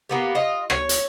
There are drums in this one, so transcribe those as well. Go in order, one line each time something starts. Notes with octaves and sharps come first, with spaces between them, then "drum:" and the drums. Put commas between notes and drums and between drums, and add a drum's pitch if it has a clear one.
A#3 B3 G4
F4 D#5
C#5, drum: rim click
drum: hi-hat